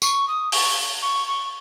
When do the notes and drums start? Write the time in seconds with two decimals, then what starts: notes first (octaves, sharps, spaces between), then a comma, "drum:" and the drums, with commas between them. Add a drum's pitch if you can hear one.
0.02 C#6, drum: tambourine
0.28 D#6
0.52 C#6, drum: open hi-hat
1.02 C#6
1.28 C#6